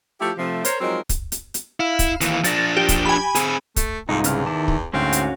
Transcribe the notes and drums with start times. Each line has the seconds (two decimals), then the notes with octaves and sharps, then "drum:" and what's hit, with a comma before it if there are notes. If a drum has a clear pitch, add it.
0.21 F3 A3 E4 G4
0.38 C3 F3 A3
0.65 A#4 C5 C#5, drum: hi-hat
0.81 F3 F#3 G#3 C4 D#4 A#4
1.09 drum: kick, hi-hat
1.32 drum: hi-hat
1.54 drum: hi-hat
1.80 E4 F5
1.99 drum: kick, hi-hat
2.21 D#2 E3, drum: hi-hat
2.44 F3 D4 A6 A#6, drum: hi-hat
2.77 G4
2.89 drum: kick, hi-hat
3.06 G#5 B5
3.35 C4 G#4, drum: hi-hat
3.76 A3, drum: kick, hi-hat
4.09 C2 F2 G#2 D#4 F5
4.24 E2 C#3 F6, drum: hi-hat
4.46 D#3 E4 A5 D6
4.68 drum: kick
4.94 D2 G#2 C4 C#4 F#4 F5
5.13 drum: hi-hat